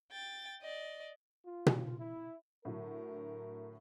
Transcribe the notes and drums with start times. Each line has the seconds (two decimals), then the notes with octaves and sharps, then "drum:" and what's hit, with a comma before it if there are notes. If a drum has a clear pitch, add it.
0.12 G5 A6
0.61 D5 D#5
1.45 F4
1.66 drum: tom B2
1.99 E4
2.65 A2 D3 F#3 A#4